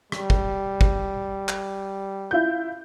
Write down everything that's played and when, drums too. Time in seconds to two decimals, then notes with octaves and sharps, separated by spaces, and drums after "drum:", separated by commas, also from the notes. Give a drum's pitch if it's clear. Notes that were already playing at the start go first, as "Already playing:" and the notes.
0.12 G3, drum: rim click
0.30 drum: kick
0.81 drum: kick
1.48 drum: clap
2.31 E4 F4 G6